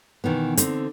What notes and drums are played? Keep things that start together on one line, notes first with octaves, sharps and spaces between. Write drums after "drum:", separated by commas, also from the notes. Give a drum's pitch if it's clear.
B2 D#3 E3 B3
D3 C4 D#4, drum: hi-hat